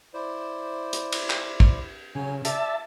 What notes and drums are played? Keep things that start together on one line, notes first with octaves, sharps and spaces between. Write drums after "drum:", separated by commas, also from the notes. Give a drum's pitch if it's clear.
E4 C5 D5
drum: hi-hat
drum: cymbal
drum: clap
drum: kick
C#3 F#3 C#5 G#5
D5 E5 A5, drum: hi-hat